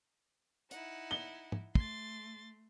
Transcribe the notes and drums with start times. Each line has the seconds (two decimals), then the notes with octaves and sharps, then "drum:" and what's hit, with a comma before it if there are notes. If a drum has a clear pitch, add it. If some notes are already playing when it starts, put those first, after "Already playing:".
0.71 D#4 E4 F#5, drum: hi-hat
1.11 G7
1.52 drum: tom
1.75 A3 C6 A6, drum: kick